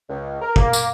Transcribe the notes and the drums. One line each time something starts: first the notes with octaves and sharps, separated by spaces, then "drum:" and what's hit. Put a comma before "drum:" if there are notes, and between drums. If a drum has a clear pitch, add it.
C#2
A#4
A#3, drum: kick
drum: tambourine